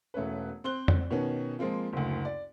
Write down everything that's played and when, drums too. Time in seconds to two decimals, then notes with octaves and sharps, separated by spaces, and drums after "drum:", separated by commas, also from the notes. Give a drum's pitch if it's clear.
0.14 E1 A3 C#4 B4
0.64 C4 C5 F#6 G7
0.88 drum: tom F2
1.11 B2 D#3 B3 C#4
1.59 F3 G#3 A#3 C4 F4
1.93 F#1 D2
2.25 D5